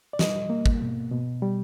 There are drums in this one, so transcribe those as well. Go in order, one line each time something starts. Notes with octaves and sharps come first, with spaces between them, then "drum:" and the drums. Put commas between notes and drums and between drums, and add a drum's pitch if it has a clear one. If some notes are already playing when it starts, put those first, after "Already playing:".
D5
G3 D#5, drum: snare
A#3
drum: kick
B2
B2
G3